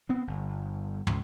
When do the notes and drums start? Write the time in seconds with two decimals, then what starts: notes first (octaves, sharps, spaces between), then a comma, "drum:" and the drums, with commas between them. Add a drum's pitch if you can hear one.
0.09 B3 C4
0.27 G1
1.07 C#2, drum: tom